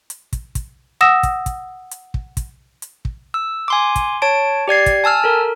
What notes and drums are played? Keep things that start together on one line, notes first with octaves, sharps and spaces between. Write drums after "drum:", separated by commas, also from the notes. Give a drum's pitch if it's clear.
drum: hi-hat
drum: kick, hi-hat
drum: kick, hi-hat
F#5 D#6 E6 A#6 E7
drum: kick, hi-hat
drum: kick, hi-hat
drum: hi-hat
drum: kick
drum: kick, hi-hat
drum: hi-hat
drum: kick
E6
G#5 C6 D6
drum: kick, hi-hat
C#5 A5 D7
G4 D5 G#6 C7
drum: kick, hi-hat
G#5 A5 E6 F6
A4 A#4